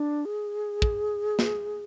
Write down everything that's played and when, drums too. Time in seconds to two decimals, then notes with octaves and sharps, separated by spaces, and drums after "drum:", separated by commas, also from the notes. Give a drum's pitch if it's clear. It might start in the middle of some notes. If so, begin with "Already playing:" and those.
Already playing: D4
0.25 G#4
0.82 drum: kick
1.39 drum: snare